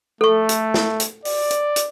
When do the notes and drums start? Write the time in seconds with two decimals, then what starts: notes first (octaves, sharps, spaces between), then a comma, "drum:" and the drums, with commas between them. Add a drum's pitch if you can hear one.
0.21 A3 A4 C#6
0.49 drum: hi-hat
0.74 drum: snare
1.00 drum: hi-hat
1.25 D5, drum: open hi-hat
1.51 drum: hi-hat
1.76 drum: hi-hat